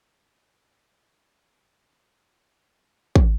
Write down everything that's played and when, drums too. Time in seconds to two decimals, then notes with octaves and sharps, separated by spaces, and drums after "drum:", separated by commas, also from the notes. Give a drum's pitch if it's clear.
0.18 D#4 A5 D#6
0.39 G4 A4 D#5 B5
0.78 G4 G5 G#5
0.94 D5 A#5
1.36 E4 G#4 B4 C#5 D5 E5
2.51 C#4 G#4
3.16 drum: kick